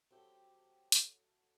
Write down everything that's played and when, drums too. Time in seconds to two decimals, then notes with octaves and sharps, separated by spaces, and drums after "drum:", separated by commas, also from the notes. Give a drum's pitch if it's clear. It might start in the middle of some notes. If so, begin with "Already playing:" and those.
0.11 F#3 A3 C4 G4
0.92 drum: hi-hat